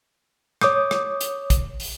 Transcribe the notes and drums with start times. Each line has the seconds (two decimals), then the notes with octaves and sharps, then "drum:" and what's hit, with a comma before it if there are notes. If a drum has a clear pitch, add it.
0.61 C#5 D6 D#6 G6, drum: rim click
0.91 drum: rim click
1.21 drum: hi-hat
1.50 drum: kick, hi-hat
1.80 drum: open hi-hat